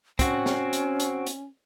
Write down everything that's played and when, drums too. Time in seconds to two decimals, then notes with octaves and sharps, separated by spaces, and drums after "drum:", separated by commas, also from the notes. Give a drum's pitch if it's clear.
0.19 C4 C#4 F#4, drum: kick, hi-hat
0.46 drum: snare
0.73 drum: hi-hat
1.00 drum: hi-hat
1.26 drum: hi-hat